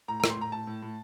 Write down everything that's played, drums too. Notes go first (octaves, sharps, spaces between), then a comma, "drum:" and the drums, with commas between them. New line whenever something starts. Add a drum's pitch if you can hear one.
A2 A#5
A#5
A2, drum: rim click
C6
A2 A#5
A2 A5
A2
A2